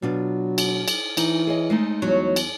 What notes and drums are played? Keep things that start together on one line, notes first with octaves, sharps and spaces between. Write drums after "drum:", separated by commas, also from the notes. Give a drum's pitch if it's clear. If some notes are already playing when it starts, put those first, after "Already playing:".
B2 F#3 D4 F4
drum: cymbal
drum: cymbal
E3 D#4, drum: cymbal
G#4 C#5 D#5
G#3 A3 D#4
E2 F#3
drum: cymbal